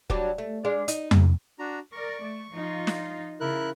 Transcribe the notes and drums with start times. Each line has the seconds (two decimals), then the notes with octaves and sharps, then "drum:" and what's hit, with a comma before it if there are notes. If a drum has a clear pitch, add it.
0.10 F#3 G3 D4, drum: kick
0.38 A3
0.65 G#3 D4 F5
0.88 D#4, drum: hi-hat
1.11 G#2, drum: tom F2
1.59 D4 F#4 A#5
1.92 A#4 D5 C#6
2.22 A3
2.52 F3 D#4 F4
2.87 drum: snare
3.40 C#3 E4 A#4 F#6